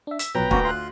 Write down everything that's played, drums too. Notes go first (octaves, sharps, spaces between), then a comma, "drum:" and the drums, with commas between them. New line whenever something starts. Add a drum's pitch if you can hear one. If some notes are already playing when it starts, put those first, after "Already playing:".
D4 E5
E6 B6, drum: hi-hat
A#1 B2 F#3 B4 G5 A#5
D2 A#3 C#4 F#4, drum: kick
F4 C6 F#6